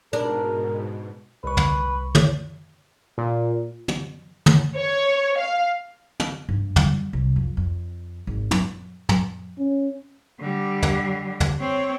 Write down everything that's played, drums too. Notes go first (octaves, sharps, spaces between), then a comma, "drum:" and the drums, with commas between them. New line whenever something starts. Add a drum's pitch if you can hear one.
G#2 B2 D4 A#4
C2 B4 C#6
drum: tom
drum: tom
A#2
drum: tom
drum: tom
C#5
F5
drum: tom
G2
G3, drum: tom
C2
F2
F2
G#1
drum: tom
drum: tom
C#4
D3 G3
drum: tom
drum: tom
C4 C#5